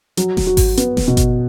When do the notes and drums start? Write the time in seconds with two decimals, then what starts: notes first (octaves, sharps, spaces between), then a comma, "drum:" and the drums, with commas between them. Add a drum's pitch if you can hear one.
0.17 F#3, drum: hi-hat
0.37 drum: snare D#1
0.47 F#4
0.57 drum: kick G#1, open hi-hat
0.77 B3, drum: hi-hat
0.97 drum: snare D#1
1.07 B2
1.17 drum: kick G#1, hi-hat